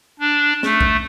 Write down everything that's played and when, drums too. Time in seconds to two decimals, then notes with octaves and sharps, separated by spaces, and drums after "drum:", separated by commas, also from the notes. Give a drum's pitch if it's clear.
0.20 D4
0.63 A3, drum: snare
0.81 drum: kick B1